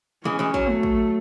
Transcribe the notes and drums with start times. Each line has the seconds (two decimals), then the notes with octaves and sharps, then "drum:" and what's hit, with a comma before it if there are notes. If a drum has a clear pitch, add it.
0.25 E3 G#3 C#4
0.39 E3 G#3
0.54 F#3, drum: kick
0.69 A3
0.83 drum: kick